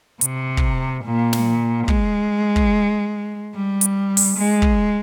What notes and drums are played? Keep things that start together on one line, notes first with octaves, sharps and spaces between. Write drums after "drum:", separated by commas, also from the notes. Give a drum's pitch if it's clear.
C3, drum: hi-hat
drum: kick
A#2
drum: snare
G#3, drum: kick
drum: kick
G3
drum: hi-hat
drum: open hi-hat
G#3
drum: kick